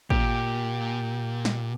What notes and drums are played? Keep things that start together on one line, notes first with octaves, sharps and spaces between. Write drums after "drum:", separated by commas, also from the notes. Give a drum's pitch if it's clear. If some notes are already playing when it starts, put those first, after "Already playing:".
A#2 G4, drum: kick
drum: snare